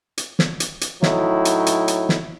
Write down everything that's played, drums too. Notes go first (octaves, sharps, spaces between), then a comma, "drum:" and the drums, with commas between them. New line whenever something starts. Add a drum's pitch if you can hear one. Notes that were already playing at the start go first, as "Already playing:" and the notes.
drum: hi-hat
drum: snare
drum: hi-hat
drum: hi-hat
A2 F#3 D#4 E4, drum: snare
drum: hi-hat
drum: hi-hat
drum: hi-hat
drum: snare